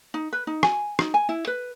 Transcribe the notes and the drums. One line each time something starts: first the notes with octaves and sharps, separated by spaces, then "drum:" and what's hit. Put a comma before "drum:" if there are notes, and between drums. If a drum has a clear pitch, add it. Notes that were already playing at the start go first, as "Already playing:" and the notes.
D#4
B4
D#4
G#5, drum: rim click
D#4, drum: rim click
G#5
E4
B4